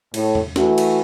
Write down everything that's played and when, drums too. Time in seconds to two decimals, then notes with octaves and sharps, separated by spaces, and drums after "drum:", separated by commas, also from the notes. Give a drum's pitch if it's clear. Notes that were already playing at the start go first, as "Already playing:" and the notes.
0.14 A2, drum: cymbal
0.35 drum: tom E2
0.56 E3 A3 F#4, drum: snare
0.78 drum: cymbal